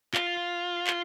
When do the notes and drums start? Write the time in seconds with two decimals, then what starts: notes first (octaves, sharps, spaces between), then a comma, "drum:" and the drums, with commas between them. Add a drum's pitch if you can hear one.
0.14 F4, drum: clap
0.87 drum: clap